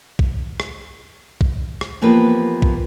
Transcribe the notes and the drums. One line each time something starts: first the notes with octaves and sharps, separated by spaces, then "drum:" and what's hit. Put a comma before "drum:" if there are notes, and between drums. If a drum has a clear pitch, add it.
drum: kick B1
drum: rim click
drum: kick B1
drum: rim click
E3 F3 A#3 B3 G4 B4
drum: kick B1